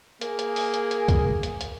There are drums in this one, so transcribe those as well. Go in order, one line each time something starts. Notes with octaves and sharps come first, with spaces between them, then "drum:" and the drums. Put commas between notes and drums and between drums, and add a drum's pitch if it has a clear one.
A#3 G#4, drum: hi-hat
drum: hi-hat
drum: open hi-hat
drum: hi-hat
drum: hi-hat
drum: kick, hi-hat
drum: hi-hat
drum: hi-hat